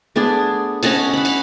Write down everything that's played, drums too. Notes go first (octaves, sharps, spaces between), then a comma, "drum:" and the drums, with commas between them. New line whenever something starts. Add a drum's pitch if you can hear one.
A3 B3 D4 G#4
C#4 D#5 F#5 A5, drum: cymbal
F#5 B5
drum: cymbal